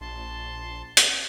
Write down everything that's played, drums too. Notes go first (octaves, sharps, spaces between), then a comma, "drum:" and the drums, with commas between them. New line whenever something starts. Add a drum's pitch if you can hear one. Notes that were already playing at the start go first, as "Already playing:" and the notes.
A#1 A5 C6
drum: hi-hat